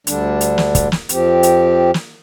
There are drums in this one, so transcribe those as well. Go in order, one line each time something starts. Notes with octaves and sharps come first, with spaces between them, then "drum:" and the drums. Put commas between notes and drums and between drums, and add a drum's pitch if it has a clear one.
D2 D3 G3 D4, drum: hi-hat
drum: hi-hat
drum: snare
drum: kick, hi-hat
drum: snare
F2 F3 C4 G4, drum: hi-hat
drum: hi-hat
drum: snare